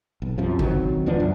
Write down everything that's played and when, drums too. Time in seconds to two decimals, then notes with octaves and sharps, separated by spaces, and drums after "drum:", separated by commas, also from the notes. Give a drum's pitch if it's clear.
0.22 B1
0.38 F#2 C3 F3
0.59 E1 D#3 F#3 C4, drum: kick
1.06 C#2 F3 B3 D4
1.20 F#2